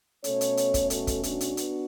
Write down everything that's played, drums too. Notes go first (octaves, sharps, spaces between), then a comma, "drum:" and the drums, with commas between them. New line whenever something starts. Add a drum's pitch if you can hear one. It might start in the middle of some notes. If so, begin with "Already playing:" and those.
B2 A3 C#4 A4 C#5, drum: hi-hat
drum: hi-hat
drum: hi-hat
drum: kick, hi-hat
F#4 A4, drum: hi-hat
drum: kick, hi-hat
D4 F#4, drum: hi-hat
drum: hi-hat
B3, drum: hi-hat